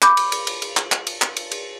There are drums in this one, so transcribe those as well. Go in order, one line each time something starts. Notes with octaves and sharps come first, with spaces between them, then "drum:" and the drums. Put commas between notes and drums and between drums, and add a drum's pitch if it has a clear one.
B5 D6 G6, drum: clap
drum: cymbal
drum: cymbal
drum: cymbal
drum: cymbal
drum: clap
drum: clap
drum: cymbal
drum: clap
drum: cymbal
drum: cymbal